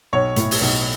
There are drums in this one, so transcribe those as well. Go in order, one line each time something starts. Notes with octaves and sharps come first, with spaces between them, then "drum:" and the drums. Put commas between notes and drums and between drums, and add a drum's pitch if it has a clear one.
B1 C#5
A2, drum: hi-hat
drum: open hi-hat
B1